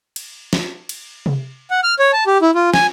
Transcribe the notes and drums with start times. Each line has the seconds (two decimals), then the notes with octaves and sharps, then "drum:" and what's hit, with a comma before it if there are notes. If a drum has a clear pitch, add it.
0.16 drum: cymbal
0.53 drum: snare
0.89 drum: cymbal
1.26 drum: tom C3
1.71 F#5
1.84 F6
1.99 C#5
2.13 A5
2.27 G4
2.42 E4
2.55 F4
2.74 G#5, drum: snare